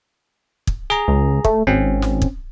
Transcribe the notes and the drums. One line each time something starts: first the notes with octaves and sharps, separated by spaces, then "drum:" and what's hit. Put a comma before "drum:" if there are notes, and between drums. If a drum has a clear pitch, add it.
drum: kick
G#4 A#5
C#2
A3, drum: kick
G#1 C4 C#4
drum: snare
drum: kick